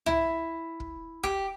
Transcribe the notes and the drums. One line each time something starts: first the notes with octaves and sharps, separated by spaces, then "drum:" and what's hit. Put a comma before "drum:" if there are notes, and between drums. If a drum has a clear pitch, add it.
E4, drum: tom
drum: kick
G4, drum: kick